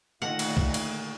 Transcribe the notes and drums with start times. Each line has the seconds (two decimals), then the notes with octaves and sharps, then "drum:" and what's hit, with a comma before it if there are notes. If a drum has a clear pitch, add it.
0.22 A#2 D3 D#3 A3 F5 F#5
0.39 drum: cymbal
0.57 drum: kick C2
0.74 drum: cymbal